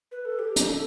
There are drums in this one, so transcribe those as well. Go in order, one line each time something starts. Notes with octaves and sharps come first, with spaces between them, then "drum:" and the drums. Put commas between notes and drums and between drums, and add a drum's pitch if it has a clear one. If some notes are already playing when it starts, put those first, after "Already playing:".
B4
A4
G4
A4, drum: hi-hat